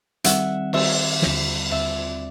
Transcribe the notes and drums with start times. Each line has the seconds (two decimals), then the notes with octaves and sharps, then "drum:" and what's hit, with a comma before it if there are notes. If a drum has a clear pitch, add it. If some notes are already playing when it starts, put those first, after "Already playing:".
0.24 D#3 G3 C4 E5 F#5, drum: hi-hat
0.73 D#3 G3 C4 D5 E5, drum: cymbal
1.22 D#2 D3 G3 C4 F4, drum: snare
1.71 D#2 D3 G3 C4 F4 D5 E5